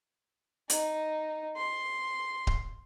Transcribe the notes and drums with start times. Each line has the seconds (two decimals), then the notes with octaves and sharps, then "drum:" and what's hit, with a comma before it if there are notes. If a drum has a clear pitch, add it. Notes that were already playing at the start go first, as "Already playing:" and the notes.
0.70 D#4, drum: hi-hat
1.57 C6
2.47 drum: kick D1